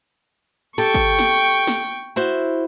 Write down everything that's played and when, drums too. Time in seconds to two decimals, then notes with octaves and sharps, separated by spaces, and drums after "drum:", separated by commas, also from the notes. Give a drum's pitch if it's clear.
0.78 G4 A4 G5 C#6
0.94 drum: kick G#1
1.19 drum: snare
1.67 drum: snare
2.16 E4 F#4 C5